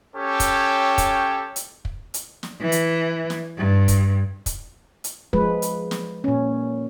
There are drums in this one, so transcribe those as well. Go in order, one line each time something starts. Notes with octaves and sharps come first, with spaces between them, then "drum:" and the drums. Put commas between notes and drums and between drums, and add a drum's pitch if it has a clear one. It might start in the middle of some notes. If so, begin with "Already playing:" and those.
C#4 G4 A4 C#5 G5
drum: kick, hi-hat
drum: kick, hi-hat
drum: hi-hat
drum: kick
drum: hi-hat
drum: snare
E3
drum: hi-hat
drum: snare
G2
drum: kick, hi-hat
drum: kick, hi-hat
drum: hi-hat
F3 G#3 B4, drum: kick
drum: hi-hat
drum: snare
A#2 C#4